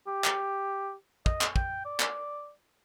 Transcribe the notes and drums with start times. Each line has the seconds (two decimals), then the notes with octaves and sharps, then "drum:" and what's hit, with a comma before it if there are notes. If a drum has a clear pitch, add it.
0.07 G4
0.24 drum: clap
1.26 D#5, drum: kick
1.41 drum: clap
1.56 G5, drum: kick
1.85 D5
2.00 drum: clap